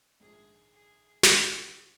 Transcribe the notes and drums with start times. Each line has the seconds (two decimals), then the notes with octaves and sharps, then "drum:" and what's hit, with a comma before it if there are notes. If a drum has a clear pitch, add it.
0.20 A#1 G#2 D#3 G#3 D4 G#4
0.72 G#4
1.23 D2 C3 F3 G4, drum: snare